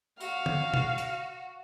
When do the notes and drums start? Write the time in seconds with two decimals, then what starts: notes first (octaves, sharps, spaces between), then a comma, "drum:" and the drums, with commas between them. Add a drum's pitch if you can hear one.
0.21 F#4 F5, drum: tambourine
0.46 drum: tom
0.74 drum: tom B2
0.98 drum: hi-hat